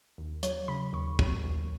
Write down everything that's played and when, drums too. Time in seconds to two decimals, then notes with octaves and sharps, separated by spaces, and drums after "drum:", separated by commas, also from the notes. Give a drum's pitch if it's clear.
0.18 D#2
0.43 F#3 C#5, drum: hi-hat
0.68 C#3 B5
0.93 D#2 C#6
1.19 F#3, drum: kick
1.44 D#2